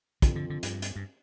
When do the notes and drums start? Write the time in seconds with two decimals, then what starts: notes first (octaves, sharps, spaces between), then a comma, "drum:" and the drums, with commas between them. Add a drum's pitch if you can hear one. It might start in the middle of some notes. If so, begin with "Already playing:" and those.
0.22 F2 D3, drum: kick, hi-hat
0.36 D3
0.50 D3
0.63 G2, drum: hi-hat
0.82 drum: hi-hat
0.96 G2